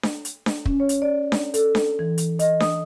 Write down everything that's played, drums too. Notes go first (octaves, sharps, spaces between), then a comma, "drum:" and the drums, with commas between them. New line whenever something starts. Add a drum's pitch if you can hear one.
drum: snare D4
drum: hi-hat
drum: snare D4
C#4, drum: kick
C#5
drum: hi-hat
D5
drum: snare D4
A4, drum: hi-hat
drum: snare D4
E3
drum: hi-hat
D#5, drum: hi-hat
D#6, drum: snare D4